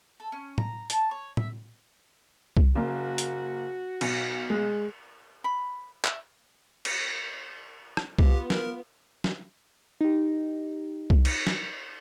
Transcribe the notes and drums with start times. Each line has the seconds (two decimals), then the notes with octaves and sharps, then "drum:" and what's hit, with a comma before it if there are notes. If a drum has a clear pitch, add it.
0.20 A4
0.32 C#4
0.58 A#5, drum: tom A2
0.90 A5, drum: hi-hat
1.11 C#5
1.37 E5, drum: tom A2
2.57 drum: kick C2
2.75 F#1 A#3 F#4
3.18 drum: hi-hat
4.01 B1, drum: cymbal
4.50 G#3
5.44 B5
6.04 E5, drum: clap
6.85 drum: cymbal
7.97 drum: rim click
8.19 B3 F4 G4, drum: kick C2
8.50 A#4, drum: snare
9.24 drum: snare
10.01 D#4 G4
11.10 drum: kick C2
11.25 drum: cymbal
11.47 drum: snare